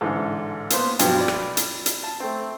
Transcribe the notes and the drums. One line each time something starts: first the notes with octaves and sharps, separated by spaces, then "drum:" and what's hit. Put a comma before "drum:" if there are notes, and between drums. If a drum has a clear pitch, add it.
A1 G#2 D3 E3 A4
A#3 B3 C5, drum: hi-hat
G2 B2 F3 F#3, drum: hi-hat
D5 B5
drum: rim click
drum: hi-hat
drum: hi-hat
A5
A3 C4